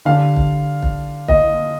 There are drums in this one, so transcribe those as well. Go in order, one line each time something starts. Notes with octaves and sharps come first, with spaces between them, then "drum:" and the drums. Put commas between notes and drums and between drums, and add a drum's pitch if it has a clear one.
D3 G3 D4 F5
drum: kick
drum: kick
D#5, drum: kick